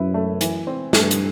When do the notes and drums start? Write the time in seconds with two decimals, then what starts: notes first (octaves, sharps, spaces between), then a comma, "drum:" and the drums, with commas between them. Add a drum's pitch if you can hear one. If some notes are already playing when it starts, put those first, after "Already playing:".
Already playing: F#2 E4 B4
0.14 A3
0.41 E3, drum: hi-hat
0.67 C4
0.93 G2 A3, drum: snare
1.11 drum: hi-hat